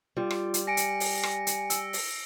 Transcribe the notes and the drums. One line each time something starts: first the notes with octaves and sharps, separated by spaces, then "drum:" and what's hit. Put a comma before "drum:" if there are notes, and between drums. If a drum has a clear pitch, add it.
G3 F4
drum: rim click
drum: hi-hat
G#5 A#6 C#7 D7
drum: hi-hat
drum: open hi-hat
drum: rim click
drum: hi-hat
E6, drum: hi-hat
drum: open hi-hat